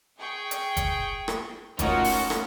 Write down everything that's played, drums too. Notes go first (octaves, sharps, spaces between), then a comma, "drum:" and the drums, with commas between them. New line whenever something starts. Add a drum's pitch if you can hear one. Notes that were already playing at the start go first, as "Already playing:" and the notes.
G#4 G5 C#6
drum: hi-hat
drum: kick, hi-hat
drum: rim click
A3 C#4 D#4 F4 F#4 A#4, drum: kick, hi-hat
drum: open hi-hat
drum: rim click